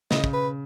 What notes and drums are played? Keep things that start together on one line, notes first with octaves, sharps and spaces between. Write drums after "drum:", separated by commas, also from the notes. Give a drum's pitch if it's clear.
C#3 D#5, drum: snare
drum: kick
B4